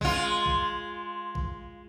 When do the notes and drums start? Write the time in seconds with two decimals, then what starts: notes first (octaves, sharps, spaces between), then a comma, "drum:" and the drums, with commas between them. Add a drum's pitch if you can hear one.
0.01 G#3 F4, drum: kick A#1
0.46 drum: kick A#1
1.35 drum: kick A#1